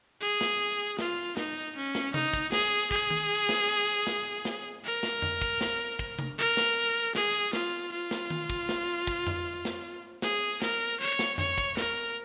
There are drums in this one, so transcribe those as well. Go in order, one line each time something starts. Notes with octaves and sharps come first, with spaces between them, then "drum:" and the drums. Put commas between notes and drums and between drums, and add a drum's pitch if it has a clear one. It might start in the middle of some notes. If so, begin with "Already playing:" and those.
G#4
drum: snare
F4, drum: snare
D#4, drum: snare
C#4
drum: snare
D#4, drum: tom C3
drum: kick
G#4, drum: snare
G#4, drum: kick
drum: tom D#3
drum: snare
drum: snare
drum: snare
A#4
drum: snare
drum: tom F2
drum: kick
drum: snare
drum: kick
drum: tom C3
A#4
drum: snare
G#4, drum: snare
F4, drum: snare
F4
drum: snare
drum: tom D#3
drum: kick
drum: snare
drum: kick
drum: tom F2
drum: snare
G#4, drum: snare
A#4, drum: snare
C#5
drum: snare
C#5, drum: tom F2
drum: kick
A#4, drum: snare